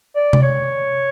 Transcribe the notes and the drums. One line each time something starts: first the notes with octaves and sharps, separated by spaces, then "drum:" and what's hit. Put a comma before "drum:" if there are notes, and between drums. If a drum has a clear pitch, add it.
D5
drum: tom C3
C#5